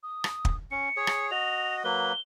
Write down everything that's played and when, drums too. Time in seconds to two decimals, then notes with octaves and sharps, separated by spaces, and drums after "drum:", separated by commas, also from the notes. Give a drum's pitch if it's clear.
0.03 D#6
0.24 drum: rim click
0.45 drum: kick
0.71 C#4 C#7
0.97 G#4 C#5
1.07 drum: rim click
1.31 F#4 D#5 F7
1.84 F#3 A#3 B4 G7